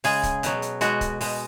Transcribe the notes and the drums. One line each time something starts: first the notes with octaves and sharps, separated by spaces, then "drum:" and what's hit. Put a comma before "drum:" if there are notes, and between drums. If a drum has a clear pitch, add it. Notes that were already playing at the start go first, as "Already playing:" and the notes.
C#3 G#3 G#4, drum: open hi-hat
drum: kick C#1, hi-hat
B2 F#3, drum: hi-hat
drum: hi-hat
B2 G#3 F#4, drum: hi-hat
drum: kick C#1, hi-hat
B2 G#3, drum: open hi-hat